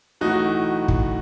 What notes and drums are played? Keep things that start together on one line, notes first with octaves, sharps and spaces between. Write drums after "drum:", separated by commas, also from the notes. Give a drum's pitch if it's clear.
B1 A2 E3 D#4 F#4
drum: kick